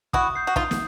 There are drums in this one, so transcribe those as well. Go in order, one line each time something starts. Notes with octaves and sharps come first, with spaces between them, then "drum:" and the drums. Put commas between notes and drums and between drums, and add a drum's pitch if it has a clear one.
E4 F#4 D#6, drum: kick
G6 C7
F#4
D#4 F4 D#6, drum: kick
drum: snare